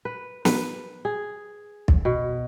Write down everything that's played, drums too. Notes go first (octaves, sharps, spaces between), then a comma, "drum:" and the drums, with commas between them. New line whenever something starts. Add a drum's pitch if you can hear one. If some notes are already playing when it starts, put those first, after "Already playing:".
B4
B4, drum: snare
G#4
drum: kick
B2